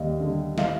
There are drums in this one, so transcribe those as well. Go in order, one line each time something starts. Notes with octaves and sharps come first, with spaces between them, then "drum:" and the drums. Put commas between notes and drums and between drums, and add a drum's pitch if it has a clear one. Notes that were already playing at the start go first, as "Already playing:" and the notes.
Already playing: D#2 G3 D5 D#5 F5
D3 G3
D#5 F5, drum: snare